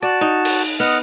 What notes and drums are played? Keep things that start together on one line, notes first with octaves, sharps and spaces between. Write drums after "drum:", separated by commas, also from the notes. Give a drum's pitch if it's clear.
F#4 D5 A5
D#4
drum: cymbal
B3 D#5 F#5 F6